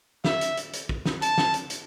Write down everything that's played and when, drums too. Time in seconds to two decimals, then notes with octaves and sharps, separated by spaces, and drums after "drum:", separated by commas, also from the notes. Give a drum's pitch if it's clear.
0.24 E5, drum: snare
0.41 drum: hi-hat
0.57 drum: hi-hat
0.73 drum: hi-hat
0.89 drum: kick
1.05 drum: snare
1.22 A5, drum: hi-hat
1.38 drum: snare
1.54 drum: hi-hat
1.70 drum: hi-hat